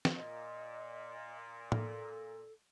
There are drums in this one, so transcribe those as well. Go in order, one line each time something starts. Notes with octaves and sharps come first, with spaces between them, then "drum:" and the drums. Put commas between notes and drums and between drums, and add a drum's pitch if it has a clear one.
drum: snare
A#2 D#5
A4, drum: tom A2